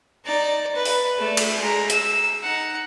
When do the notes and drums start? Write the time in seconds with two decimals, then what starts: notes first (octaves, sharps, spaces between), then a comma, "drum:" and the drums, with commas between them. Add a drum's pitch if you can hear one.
0.25 D#4 D5
0.75 B4
0.85 drum: open hi-hat
1.18 A3 D5
1.37 drum: cymbal
1.59 G#3 A#5
1.90 E6, drum: hi-hat
2.43 D#4 F#5